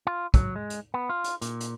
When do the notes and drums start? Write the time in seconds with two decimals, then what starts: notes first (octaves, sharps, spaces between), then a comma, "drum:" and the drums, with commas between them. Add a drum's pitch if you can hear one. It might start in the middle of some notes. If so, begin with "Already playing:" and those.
0.07 F4
0.34 F#3, drum: kick, hi-hat
0.56 G#3
0.70 drum: hi-hat
0.94 B3
1.09 F4
1.24 drum: hi-hat
1.41 A#2, drum: hi-hat
1.60 drum: hi-hat